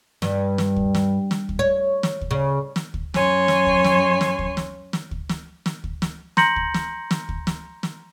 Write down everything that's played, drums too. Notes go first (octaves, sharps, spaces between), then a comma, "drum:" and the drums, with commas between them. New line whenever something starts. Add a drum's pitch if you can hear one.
G2, drum: snare
drum: snare
drum: kick
drum: snare
drum: snare
drum: kick
C#5
drum: snare
drum: kick
C#3
drum: snare
drum: kick
F#2 C#5 G#5 C6, drum: snare
drum: snare
drum: kick
drum: snare
drum: snare
drum: kick
drum: snare
drum: snare
drum: kick
drum: snare
drum: snare
drum: kick
drum: snare
A#5 C6 G6 A#6 C#7 F#7, drum: snare
drum: kick
drum: snare
drum: snare
drum: kick
drum: snare
drum: snare